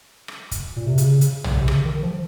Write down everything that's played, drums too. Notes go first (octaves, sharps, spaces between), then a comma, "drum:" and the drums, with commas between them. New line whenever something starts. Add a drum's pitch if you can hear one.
drum: rim click
drum: kick, hi-hat
A#2
C3
C#3, drum: hi-hat
drum: hi-hat
drum: tom
C3
C#3, drum: rim click
D#3
F3